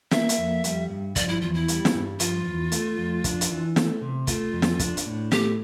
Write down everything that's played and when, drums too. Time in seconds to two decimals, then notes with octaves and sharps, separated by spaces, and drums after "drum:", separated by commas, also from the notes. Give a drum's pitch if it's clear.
0.11 A#3 E5, drum: snare
0.29 drum: hi-hat
0.38 F2
0.64 G3, drum: hi-hat
0.90 G2
1.16 F3 D5, drum: kick, hi-hat
1.29 E4
1.41 E2 F4
1.54 E4
1.68 G3, drum: hi-hat
1.85 drum: snare
1.94 G2
2.20 F3 F4, drum: hi-hat
2.45 E2
2.72 A3, drum: hi-hat
2.97 F2
3.24 D4, drum: kick, hi-hat
3.41 drum: hi-hat
3.50 E3
3.76 A3, drum: snare
4.02 C3
4.27 A3 F4, drum: kick, hi-hat
4.53 F2
4.62 drum: snare
4.79 D4, drum: kick, hi-hat
4.97 drum: hi-hat
5.06 A2
5.32 A3 G4, drum: snare